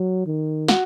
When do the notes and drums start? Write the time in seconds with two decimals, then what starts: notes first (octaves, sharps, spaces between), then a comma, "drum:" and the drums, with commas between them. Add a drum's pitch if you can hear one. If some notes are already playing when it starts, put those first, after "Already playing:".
Already playing: F#3
0.27 D#3
0.68 F#4, drum: snare